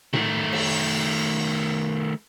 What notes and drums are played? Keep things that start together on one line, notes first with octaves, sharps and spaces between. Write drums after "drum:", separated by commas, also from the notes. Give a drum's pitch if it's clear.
D#3 A3, drum: tom A2
drum: cymbal